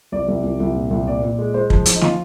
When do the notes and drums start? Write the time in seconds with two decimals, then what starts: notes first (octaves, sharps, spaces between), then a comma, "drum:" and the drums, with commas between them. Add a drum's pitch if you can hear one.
0.12 C2 D5
0.28 C2
0.43 C2
0.60 C2
0.76 A#2
0.91 C2
1.06 A#2 D5
1.23 A#2
1.39 G#3
1.54 G#3 C5
1.70 F3, drum: kick
1.86 F3, drum: hi-hat
1.96 D#4
2.01 F4, drum: snare